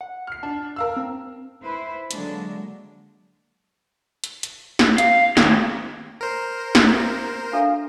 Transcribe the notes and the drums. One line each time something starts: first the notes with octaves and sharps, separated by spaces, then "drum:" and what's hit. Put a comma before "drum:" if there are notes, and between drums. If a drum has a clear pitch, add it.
F#5
F6 C7
D4 A5
A#4 F5 E6
C4
E4 B4 C5
D3 F#3 G#3 A#3 D4, drum: hi-hat
drum: hi-hat
drum: hi-hat
drum: snare
F5, drum: hi-hat
D#3 A3, drum: snare
A#4 C5
drum: snare
D4 A4 E5 F5